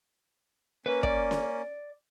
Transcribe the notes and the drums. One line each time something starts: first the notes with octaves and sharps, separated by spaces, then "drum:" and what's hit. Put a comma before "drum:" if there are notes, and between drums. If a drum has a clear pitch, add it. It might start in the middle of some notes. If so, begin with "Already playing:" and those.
A#3 C#4 B4
D5, drum: kick
drum: snare C#4